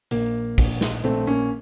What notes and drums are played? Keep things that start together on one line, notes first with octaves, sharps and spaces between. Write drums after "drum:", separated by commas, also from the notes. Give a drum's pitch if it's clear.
A#1 A#3, drum: hi-hat
A#1, drum: kick, open hi-hat
drum: snare
A#1 A3 C4, drum: hi-hat
A#3 C#4